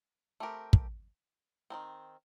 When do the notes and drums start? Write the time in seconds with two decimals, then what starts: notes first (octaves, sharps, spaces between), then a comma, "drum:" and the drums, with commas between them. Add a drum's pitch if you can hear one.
0.40 A3 C4 G4 A#4
0.73 drum: kick
1.70 D#3 F#3 C4